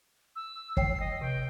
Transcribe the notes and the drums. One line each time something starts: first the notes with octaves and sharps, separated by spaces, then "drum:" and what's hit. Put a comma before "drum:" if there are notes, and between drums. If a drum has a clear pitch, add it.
E6
C#5 G5 C7, drum: kick
D#5
C3 G5